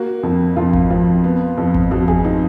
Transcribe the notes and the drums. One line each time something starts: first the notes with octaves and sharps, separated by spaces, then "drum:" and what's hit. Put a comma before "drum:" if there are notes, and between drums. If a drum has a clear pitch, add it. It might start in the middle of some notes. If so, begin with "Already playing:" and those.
Already playing: A#3 F#4
F2
F2 F4
drum: kick G#1
F3
B3
F2
drum: kick G#1
F2 F#4
G#4, drum: kick G#1
F3 D#4